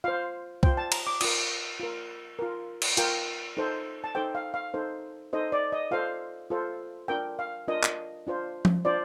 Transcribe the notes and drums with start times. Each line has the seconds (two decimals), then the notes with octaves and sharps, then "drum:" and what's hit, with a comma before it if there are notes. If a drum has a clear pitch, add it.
0.04 F4 C5 F5
0.63 F4 C5 G5, drum: kick C2
0.77 A5
0.92 A#5, drum: cymbal
1.07 D6
1.21 F4 A#4 D#6, drum: cymbal
1.80 F4 A#4
2.39 F4 A#4
2.82 drum: cymbal
2.97 F4 A#4 G5, drum: hi-hat
3.57 D#4 A4 C5
4.04 A5
4.15 D#4 A4 C5 G5
4.35 F5
4.54 F5
4.74 D#4 A4 C5
5.33 D#4 A4 C5 D#5
5.52 D5
5.72 D#5
5.91 F4 A4 C5 F5
6.50 F4 A4 C5
7.08 D4 F4 A#4 G5
7.39 F5
7.68 D4 F4 A#4 D#5
7.83 drum: clap
8.27 D4 F4 C5
8.65 drum: tom F3
8.85 D4 F4 C5 D5